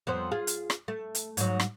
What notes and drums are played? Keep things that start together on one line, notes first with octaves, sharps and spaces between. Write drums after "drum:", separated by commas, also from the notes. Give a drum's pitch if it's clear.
F2 B3 C5
F4 G#4
drum: hi-hat
drum: rim click
A3
drum: hi-hat
G#2 F#3, drum: hi-hat
drum: rim click